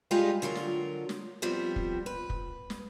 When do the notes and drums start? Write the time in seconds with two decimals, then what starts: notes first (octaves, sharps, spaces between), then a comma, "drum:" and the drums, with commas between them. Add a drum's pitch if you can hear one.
0.11 G3 G#3 D#4 F4 G4 G#4
0.42 D3 F#3 F4 A#4
0.55 drum: snare
1.09 drum: snare
1.42 F2 F3 G3 B3 C4
1.76 drum: kick
2.06 B4
2.30 drum: kick
2.70 drum: snare